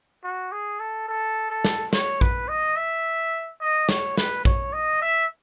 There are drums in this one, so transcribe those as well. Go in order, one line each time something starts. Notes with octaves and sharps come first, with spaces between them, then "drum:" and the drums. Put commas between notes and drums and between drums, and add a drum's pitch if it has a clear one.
F#4
G#4
A4
A4
A4
drum: snare
C#5, drum: snare
B4, drum: kick A#1
D#5
E5
D#5
C#5, drum: snare
B4, drum: snare
C#5, drum: kick A#1
D#5
E5